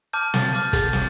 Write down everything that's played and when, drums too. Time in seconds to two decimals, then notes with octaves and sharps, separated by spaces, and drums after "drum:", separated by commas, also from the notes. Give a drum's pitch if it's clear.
0.13 A5 D6 F6 G6
0.34 A6, drum: snare
0.53 A5 D6 F6 G6
0.66 G6
0.73 A6, drum: kick, hi-hat
0.93 A5, drum: snare